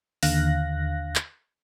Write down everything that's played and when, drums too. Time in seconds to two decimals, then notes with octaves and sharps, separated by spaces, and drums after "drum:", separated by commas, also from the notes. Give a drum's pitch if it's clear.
0.23 D#2 D3 F5 F#6 A#6, drum: open hi-hat
1.16 drum: clap